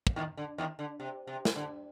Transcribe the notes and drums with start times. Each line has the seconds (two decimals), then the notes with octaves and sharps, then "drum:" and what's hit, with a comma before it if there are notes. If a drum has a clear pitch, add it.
0.07 drum: kick
0.16 D#2 D#3
0.37 D3
0.58 D#2 D#3
0.79 D3
1.00 C3
1.27 C3
1.45 drum: snare
1.56 D3